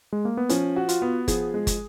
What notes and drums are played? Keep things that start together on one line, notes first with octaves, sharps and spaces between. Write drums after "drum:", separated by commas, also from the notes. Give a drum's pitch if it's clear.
G#3
A#3
B3
F3 C#4, drum: hi-hat
F#4
F4, drum: hi-hat
B3
F3 G#4, drum: kick, hi-hat
G#3
drum: kick, hi-hat